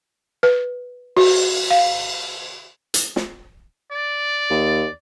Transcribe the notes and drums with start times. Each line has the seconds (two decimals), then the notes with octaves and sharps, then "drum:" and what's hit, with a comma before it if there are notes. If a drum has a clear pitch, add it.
0.43 B4
1.17 F#4, drum: cymbal
1.70 F5
2.94 drum: hi-hat
3.16 drum: snare
3.92 D5
4.50 D#2